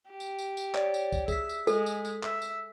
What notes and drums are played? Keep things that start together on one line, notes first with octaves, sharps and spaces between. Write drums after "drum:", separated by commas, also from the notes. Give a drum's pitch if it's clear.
G4
drum: tambourine
drum: tambourine
drum: tambourine
C#5 D5, drum: clap
drum: tambourine
drum: kick, tambourine
G#4 E5 B6, drum: kick, tambourine
drum: tambourine
G#3 A4, drum: tambourine
drum: tambourine
drum: tambourine
E5, drum: clap
drum: tambourine